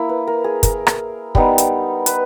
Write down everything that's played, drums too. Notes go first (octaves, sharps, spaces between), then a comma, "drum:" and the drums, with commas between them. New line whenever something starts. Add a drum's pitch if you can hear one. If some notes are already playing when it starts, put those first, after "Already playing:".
Already playing: A#3 E4
B4
A#4
G#4
A#4, drum: kick, hi-hat
drum: rim click
G3 B3 D#4, drum: kick
drum: hi-hat
B4, drum: hi-hat